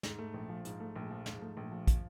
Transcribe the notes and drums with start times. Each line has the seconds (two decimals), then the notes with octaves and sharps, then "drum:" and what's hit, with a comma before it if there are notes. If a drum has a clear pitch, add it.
0.03 G#2, drum: snare
0.19 A3
0.34 A#1
0.49 F3
0.65 G#2, drum: hi-hat
0.80 A3
0.96 A#1
1.11 F3
1.26 G#2, drum: snare
1.42 A3
1.57 A#1
1.72 F3
1.87 drum: kick, hi-hat